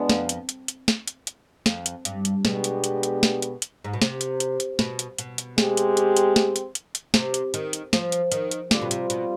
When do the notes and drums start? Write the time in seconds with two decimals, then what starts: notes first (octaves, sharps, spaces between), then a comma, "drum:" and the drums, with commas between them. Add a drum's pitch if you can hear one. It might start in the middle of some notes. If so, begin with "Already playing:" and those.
Already playing: B2 G#3 B3 D4
0.09 F2, drum: snare
0.29 drum: hi-hat
0.49 drum: hi-hat
0.68 drum: hi-hat
0.88 drum: snare
1.08 drum: hi-hat
1.27 drum: hi-hat
1.66 F2, drum: snare
1.86 drum: hi-hat
2.05 G2, drum: hi-hat
2.25 drum: hi-hat
2.45 B2 G#3 B3 D4 G4, drum: snare
2.64 drum: hi-hat
2.84 drum: hi-hat
3.03 drum: hi-hat
3.23 drum: snare
3.42 drum: hi-hat
3.62 drum: hi-hat
3.84 G#2
3.93 B2
4.02 C3, drum: snare
4.21 drum: hi-hat
4.40 drum: hi-hat
4.60 drum: hi-hat
4.79 B2, drum: snare
4.99 drum: hi-hat
5.18 B2, drum: hi-hat
5.38 drum: hi-hat
5.58 G#3 C4 G4, drum: snare
5.77 drum: hi-hat
5.97 drum: hi-hat
6.17 drum: hi-hat
6.36 drum: snare
6.56 drum: hi-hat
6.75 drum: hi-hat
6.95 drum: hi-hat
7.14 C3, drum: snare
7.34 drum: hi-hat
7.54 D#3, drum: hi-hat
7.73 drum: hi-hat
7.93 F3, drum: snare
8.12 drum: hi-hat
8.32 D#3, drum: hi-hat
8.51 drum: hi-hat
8.71 D3 G3 C4 F4, drum: snare
8.82 B2
8.91 C3, drum: hi-hat
9.10 B2, drum: hi-hat